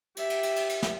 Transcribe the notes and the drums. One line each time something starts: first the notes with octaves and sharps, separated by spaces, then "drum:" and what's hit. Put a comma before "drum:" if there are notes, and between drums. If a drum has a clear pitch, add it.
G4 E5, drum: cymbal
drum: cymbal
drum: cymbal
drum: cymbal
drum: cymbal
drum: snare